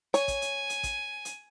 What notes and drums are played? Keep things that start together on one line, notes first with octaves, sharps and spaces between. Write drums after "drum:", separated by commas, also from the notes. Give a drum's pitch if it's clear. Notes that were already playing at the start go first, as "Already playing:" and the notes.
C#5 G#5, drum: hi-hat
drum: kick A1, hi-hat
drum: hi-hat
drum: hi-hat
drum: kick A1, hi-hat
drum: hi-hat